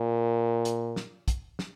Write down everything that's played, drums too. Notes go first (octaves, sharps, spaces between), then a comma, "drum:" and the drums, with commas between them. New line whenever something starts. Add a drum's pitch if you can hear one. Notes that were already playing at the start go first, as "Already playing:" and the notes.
Already playing: A#2
drum: hi-hat
drum: snare
drum: kick, hi-hat
drum: snare